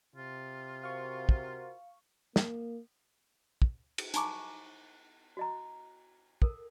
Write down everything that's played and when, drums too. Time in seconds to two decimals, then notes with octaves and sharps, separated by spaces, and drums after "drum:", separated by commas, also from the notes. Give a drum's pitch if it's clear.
0.15 C3 F4
0.84 F#4 A#4 C5 F5 C#6
1.29 drum: kick
2.36 A#3, drum: snare
3.62 drum: kick
3.98 drum: cymbal
4.14 D#4 G#5 A#5 C#6 D6, drum: hi-hat
5.37 F#4 D#5 A#5
6.42 A4 A#4, drum: kick